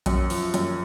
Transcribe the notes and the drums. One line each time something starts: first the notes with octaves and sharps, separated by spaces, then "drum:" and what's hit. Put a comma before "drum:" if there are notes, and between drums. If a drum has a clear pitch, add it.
F#2, drum: kick A#1, hi-hat
F3, drum: open hi-hat
F#2, drum: hi-hat